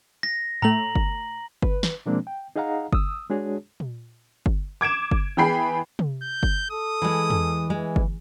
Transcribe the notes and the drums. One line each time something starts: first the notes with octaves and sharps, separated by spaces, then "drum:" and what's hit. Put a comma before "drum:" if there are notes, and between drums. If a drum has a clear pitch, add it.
A#6
A2 A3 A#5 F#7
drum: kick G1
B4, drum: kick G1
drum: snare
B2 F3 G#3 A#3 C4 D4
G5
D#4 G#4 D#5 F5 F#5 A#5
D#6 E6, drum: kick G1
G#3 D4 F#4 G#4 C#5
drum: tom A#2
drum: kick G1
D6 G#6 D7 E7
drum: kick G1
E3 B3 G#4 G5 B5 C7
drum: tom
G6
drum: kick G1
A4 D#6
E3 G#3
drum: tom E2
E3 G#3
drum: kick G1